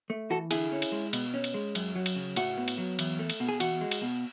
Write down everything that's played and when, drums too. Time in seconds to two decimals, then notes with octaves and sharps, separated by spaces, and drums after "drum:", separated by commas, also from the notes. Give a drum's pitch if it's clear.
0.10 A3
0.30 E3 F#4 A4
0.51 D3 E4 G#4, drum: cymbal
0.72 C#4
0.82 drum: cymbal
0.92 G#3
1.13 B2, drum: cymbal
1.34 C#4
1.44 drum: cymbal
1.54 G#3
1.75 F#2, drum: cymbal
1.95 F#3
2.06 drum: cymbal
2.16 C#3
2.36 A2 F#4, drum: cymbal
2.58 B3
2.68 drum: cymbal
2.78 F#3
2.99 E2, drum: cymbal
3.19 A3
3.30 drum: cymbal
3.40 B2
3.49 G#4
3.60 E2 F#4, drum: cymbal
3.81 G#3
3.91 drum: cymbal
4.02 B2